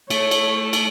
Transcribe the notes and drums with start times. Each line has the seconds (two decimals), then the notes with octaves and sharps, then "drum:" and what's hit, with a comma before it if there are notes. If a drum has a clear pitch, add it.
0.10 A3 C#5, drum: cymbal
0.31 drum: cymbal
0.73 drum: cymbal